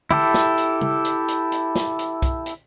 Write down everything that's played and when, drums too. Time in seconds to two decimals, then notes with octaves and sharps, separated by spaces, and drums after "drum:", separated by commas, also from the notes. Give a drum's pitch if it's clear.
0.11 E4 G4 A4, drum: tom
0.34 drum: snare
0.58 drum: hi-hat
0.81 drum: tom C#3
1.05 drum: hi-hat
1.28 drum: hi-hat
1.52 drum: hi-hat
1.75 drum: snare
1.99 drum: hi-hat
2.22 drum: kick B1, hi-hat
2.46 drum: hi-hat